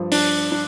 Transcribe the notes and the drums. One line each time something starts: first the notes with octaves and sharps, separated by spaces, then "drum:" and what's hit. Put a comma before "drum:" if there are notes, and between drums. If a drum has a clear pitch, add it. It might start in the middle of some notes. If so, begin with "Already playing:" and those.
Already playing: G2 F3
D4, drum: open hi-hat
D4